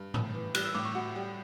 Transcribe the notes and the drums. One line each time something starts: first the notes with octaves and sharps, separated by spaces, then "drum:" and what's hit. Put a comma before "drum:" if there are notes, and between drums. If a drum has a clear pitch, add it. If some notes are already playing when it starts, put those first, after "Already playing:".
Already playing: G2
A2, drum: tom G#2
E3
G3 F#6, drum: cymbal
E6
A2 D6
C#6
F#4 F#5
G3 G5